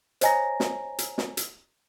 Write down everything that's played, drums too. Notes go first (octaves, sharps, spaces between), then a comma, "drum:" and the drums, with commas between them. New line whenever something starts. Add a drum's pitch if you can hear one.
C5 C#5 D#5 G#5 A#5 A#6, drum: hi-hat
drum: snare
drum: hi-hat
drum: snare
drum: hi-hat